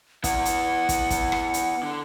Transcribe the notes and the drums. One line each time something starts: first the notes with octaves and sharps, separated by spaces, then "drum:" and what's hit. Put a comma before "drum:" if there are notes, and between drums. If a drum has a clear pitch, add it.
B3 E4 F#5, drum: kick, hi-hat
drum: hi-hat
drum: kick, hi-hat
drum: kick, hi-hat
drum: rim click
drum: hi-hat
D3